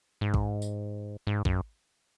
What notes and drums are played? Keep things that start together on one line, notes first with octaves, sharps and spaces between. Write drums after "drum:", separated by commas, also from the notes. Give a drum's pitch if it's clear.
G#2
drum: kick A1
drum: tambourine
G#2
F#2, drum: kick A1